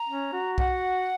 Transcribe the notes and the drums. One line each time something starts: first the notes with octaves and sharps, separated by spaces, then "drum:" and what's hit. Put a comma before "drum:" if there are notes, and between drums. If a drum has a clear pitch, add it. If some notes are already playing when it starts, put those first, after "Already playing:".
Already playing: A#5
C#4
F#4
F#5, drum: kick